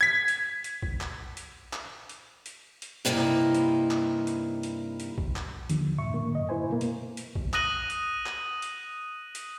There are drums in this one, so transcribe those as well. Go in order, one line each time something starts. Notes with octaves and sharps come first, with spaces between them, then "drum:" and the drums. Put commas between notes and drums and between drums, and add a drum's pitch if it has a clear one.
G#6 B6
drum: hi-hat
drum: hi-hat
drum: kick A#1
drum: clap
drum: hi-hat
drum: clap
drum: hi-hat
drum: hi-hat
drum: hi-hat
G2 C3 A#3 C#4 D#4 E4
drum: clap
drum: hi-hat
drum: clap
drum: hi-hat
drum: hi-hat
drum: hi-hat
drum: kick A#1
drum: clap
D#2 D3 F3, drum: hi-hat
G2 A#2 E5 C#6
A2 D3 A#3
F#2 D#5
E4 B4 C5 G#5
B2 A#3
drum: hi-hat
drum: hi-hat
drum: kick A#1
D#6 F#6 A#6 D#7 F#7, drum: clap
drum: hi-hat
drum: clap
drum: hi-hat
drum: hi-hat